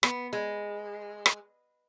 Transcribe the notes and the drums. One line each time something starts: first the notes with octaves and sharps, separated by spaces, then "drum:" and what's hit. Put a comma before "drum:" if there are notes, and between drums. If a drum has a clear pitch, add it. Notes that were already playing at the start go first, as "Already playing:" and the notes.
B3, drum: rim click
G#3
drum: rim click